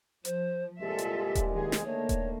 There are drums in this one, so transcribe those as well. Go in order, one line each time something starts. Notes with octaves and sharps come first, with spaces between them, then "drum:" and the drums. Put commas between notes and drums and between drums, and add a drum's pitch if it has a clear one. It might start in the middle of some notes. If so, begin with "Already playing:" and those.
F3 C5, drum: hi-hat
C2 A#2 G#3 F4 G4 A4 E5
drum: hi-hat
drum: kick D#1, hi-hat
D#3 G#4
drum: snare
D3 D#3 A3 A#3 C#5
drum: kick D#1, hi-hat